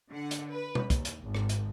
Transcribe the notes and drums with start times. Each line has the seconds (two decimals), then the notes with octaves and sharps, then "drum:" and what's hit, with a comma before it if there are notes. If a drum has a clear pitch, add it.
0.10 D3 F#5
0.31 drum: hi-hat
0.51 B4
0.75 drum: tom B2
0.90 D#2, drum: kick, hi-hat
1.05 drum: hi-hat
1.24 G#1
1.35 drum: rim click
1.49 drum: hi-hat